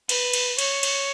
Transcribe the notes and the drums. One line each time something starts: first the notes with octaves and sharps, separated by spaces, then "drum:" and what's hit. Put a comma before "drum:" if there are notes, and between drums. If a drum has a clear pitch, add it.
B4, drum: cymbal
drum: cymbal
C#5, drum: cymbal
drum: cymbal